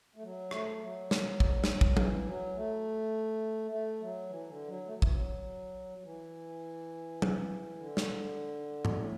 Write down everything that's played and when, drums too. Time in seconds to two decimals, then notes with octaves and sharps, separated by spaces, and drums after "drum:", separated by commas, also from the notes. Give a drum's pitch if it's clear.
0.16 A3
0.23 F#3
0.51 A3, drum: rim click
0.81 F#3
1.11 drum: snare
1.40 drum: kick
1.64 drum: snare
1.81 drum: kick
1.97 E3, drum: tom F#3
2.26 F#3
2.56 A3
3.71 A3
4.01 F#3
4.29 E3
4.49 D3
4.68 F#3
4.87 A3
4.95 F#3
5.02 E3, drum: kick
5.10 F#3
5.98 F#3
6.03 E3
7.22 drum: tom F#3
7.77 D3
7.97 drum: snare
8.85 B2, drum: tom G#2
8.94 A2